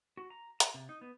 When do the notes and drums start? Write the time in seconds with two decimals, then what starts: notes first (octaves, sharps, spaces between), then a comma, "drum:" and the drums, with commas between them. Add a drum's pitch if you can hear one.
0.17 F#4
0.30 A#5
0.60 A#5, drum: hi-hat
0.74 C3
0.89 D#4
1.01 B3